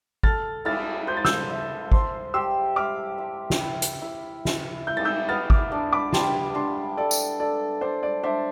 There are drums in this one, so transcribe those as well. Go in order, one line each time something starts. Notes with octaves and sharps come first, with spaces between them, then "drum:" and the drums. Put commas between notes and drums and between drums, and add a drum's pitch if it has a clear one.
A4 F6 A6, drum: kick
E4 F6 A6, drum: cymbal
C5 G6
A6
E6 G6, drum: snare
E5
C5 A5 C6, drum: kick
G4 C6 E6
E5 D6 F6
E5
drum: snare
E4
drum: hi-hat
E4
E4, drum: snare
E4 G6
A6, drum: cymbal
E6 G6
B3 F6 A6
D6 F6, drum: kick
D4
B5 D6
G3 A5 C6, drum: snare
D4 A5 C6
A4 D5
drum: tambourine
A4 D5
D4 C5
D5
D4 C5 E5